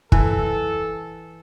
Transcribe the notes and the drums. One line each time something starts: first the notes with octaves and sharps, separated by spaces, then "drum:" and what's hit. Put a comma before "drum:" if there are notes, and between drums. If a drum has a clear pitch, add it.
E3 A4, drum: kick